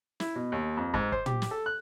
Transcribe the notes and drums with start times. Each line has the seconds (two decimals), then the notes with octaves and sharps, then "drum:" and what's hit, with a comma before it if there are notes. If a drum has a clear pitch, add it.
0.20 E4, drum: snare
0.36 B2
0.52 D#2
0.77 F2
0.94 G#2, drum: kick
1.12 C5, drum: kick
1.26 G4, drum: tom
1.42 drum: snare
1.51 A4
1.66 F#6